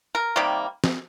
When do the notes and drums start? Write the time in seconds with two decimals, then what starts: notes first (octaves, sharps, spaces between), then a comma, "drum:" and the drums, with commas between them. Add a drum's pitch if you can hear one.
0.15 A#4
0.36 C3 D#3 G3 A#3
0.84 drum: snare